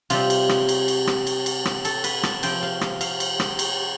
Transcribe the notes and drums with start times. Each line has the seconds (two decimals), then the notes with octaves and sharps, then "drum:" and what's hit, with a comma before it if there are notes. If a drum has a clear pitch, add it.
0.10 C3 G3 C4 F4, drum: cymbal
0.30 drum: cymbal
0.49 drum: rim click
0.69 drum: cymbal
0.88 drum: cymbal
1.07 drum: rim click
1.27 drum: cymbal
1.46 drum: cymbal
1.65 drum: rim click
1.85 A4, drum: cymbal
2.04 B4, drum: cymbal
2.23 A5, drum: rim click
2.43 C3 F3 C4 G5, drum: cymbal
2.63 F5
2.81 F5, drum: rim click
3.01 F5, drum: cymbal
3.20 drum: cymbal
3.40 drum: rim click
3.59 drum: cymbal